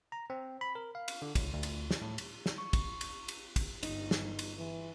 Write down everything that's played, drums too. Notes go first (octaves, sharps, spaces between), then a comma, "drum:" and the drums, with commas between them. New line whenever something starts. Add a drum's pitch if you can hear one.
A#5
C4
B5
A#4
F5
drum: cymbal
D3
C#2, drum: kick, cymbal
D2
drum: cymbal
drum: snare
A2
drum: cymbal
drum: snare
C#6
drum: kick, cymbal
drum: cymbal
drum: cymbal
drum: kick, cymbal
G1 D#4, drum: cymbal
drum: snare
drum: cymbal
E3